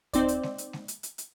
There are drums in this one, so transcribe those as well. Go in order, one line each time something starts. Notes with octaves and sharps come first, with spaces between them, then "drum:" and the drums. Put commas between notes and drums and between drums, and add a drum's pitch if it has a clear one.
C4 D#4 C5 D5, drum: kick D2, hi-hat
drum: hi-hat
drum: snare G#3
drum: hi-hat
drum: snare G#3
drum: hi-hat
drum: hi-hat
drum: hi-hat